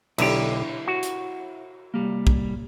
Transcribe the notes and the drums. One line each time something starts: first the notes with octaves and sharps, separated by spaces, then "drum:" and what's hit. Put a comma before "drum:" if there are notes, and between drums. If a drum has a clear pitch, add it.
B1 D3 E4 G4, drum: cymbal
F#4
drum: hi-hat
C2 G3 A#3
drum: kick B1